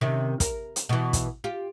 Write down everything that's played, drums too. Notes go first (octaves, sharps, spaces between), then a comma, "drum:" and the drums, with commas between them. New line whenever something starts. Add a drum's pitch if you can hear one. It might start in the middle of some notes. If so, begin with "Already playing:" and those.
C3 D#3 C#4
A#4, drum: kick, hi-hat
drum: hi-hat
B2 E3
drum: kick, hi-hat
F4 G4